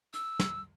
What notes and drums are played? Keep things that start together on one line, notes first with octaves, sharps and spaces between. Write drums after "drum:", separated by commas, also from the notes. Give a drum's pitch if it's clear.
E6, drum: hi-hat
drum: snare